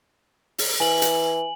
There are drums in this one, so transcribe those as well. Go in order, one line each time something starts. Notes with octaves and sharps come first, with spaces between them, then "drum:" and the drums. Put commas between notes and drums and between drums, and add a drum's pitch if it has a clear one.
drum: open hi-hat
E3 G#5 F#7
drum: hi-hat